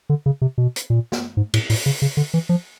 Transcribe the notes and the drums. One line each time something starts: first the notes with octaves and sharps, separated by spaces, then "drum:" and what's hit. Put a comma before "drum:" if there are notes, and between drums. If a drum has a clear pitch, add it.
D3
C#3
C3
B2
drum: hi-hat
A#2
drum: snare
G#2
A2, drum: cymbal
A2, drum: open hi-hat
C#3
C#3
D3
E3
F3